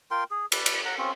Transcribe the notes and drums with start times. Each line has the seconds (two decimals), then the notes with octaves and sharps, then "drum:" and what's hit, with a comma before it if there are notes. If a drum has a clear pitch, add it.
0.11 F4 A#4 G5 C6
0.31 G#4
0.52 B4 D5, drum: cymbal
0.66 drum: cymbal
0.85 F#5 A#5
0.98 C4 C#4 F4